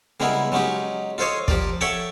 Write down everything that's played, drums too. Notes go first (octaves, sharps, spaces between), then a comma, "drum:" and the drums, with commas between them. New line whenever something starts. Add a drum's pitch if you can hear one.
C#3 G3 G#3 B3 E4 A#4
F#3 G#3 C#4 D#4 G4
F4 A4 C5 C#5 D#5
F3 G4 A#4 D5, drum: kick
A4 C#5 E5 F#5 G5 A5